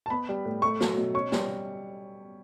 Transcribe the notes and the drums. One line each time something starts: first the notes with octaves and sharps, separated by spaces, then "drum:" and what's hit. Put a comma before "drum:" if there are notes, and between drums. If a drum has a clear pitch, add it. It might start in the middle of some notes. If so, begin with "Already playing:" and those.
A5
B3 B5
G3
A2
A3 C#6
F#3, drum: snare
B2
C#4 C#6
G3, drum: snare